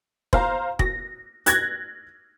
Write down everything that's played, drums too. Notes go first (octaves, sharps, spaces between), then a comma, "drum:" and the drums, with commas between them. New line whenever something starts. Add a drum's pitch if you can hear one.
C5 F5 A#5, drum: kick
A#6, drum: kick
F#6 G#6 A#6, drum: hi-hat